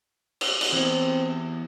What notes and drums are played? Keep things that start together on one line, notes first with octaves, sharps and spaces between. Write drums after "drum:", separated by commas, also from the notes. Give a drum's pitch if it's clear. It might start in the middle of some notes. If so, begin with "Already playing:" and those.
drum: cymbal
drum: cymbal
E3 B3 C4